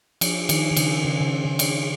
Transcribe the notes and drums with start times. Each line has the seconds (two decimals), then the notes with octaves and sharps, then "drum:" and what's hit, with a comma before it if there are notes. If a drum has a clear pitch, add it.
0.21 F3, drum: cymbal
0.49 D#3, drum: cymbal
0.71 D#3
0.76 C#3, drum: cymbal
1.04 C#3
1.21 C#3
1.45 C#3
1.59 drum: cymbal